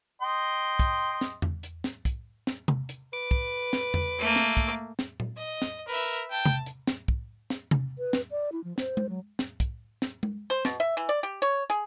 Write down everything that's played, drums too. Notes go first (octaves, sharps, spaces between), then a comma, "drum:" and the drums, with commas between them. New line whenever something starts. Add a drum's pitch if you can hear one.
D#5 G5 C6
drum: kick, hi-hat
drum: snare
drum: tom E2
drum: hi-hat
drum: snare
drum: kick, hi-hat
drum: snare
drum: tom C3
drum: hi-hat
B4 D6
drum: kick
drum: snare
drum: tom E2
A3 A#3
drum: snare
drum: kick, hi-hat
drum: snare
drum: tom A#2
D#5
drum: snare
A#4 B4 E5
G5 A5
drum: tom C3
drum: hi-hat
drum: snare
drum: kick
drum: snare
drum: tom C3
B4
drum: snare
D5
E4
F3
C5, drum: snare
drum: tom G#3
F#3
drum: snare
drum: kick, hi-hat
drum: snare
drum: tom G#3
C5
B2, drum: snare
E5
E3
D5
G4
C#5
G#4, drum: hi-hat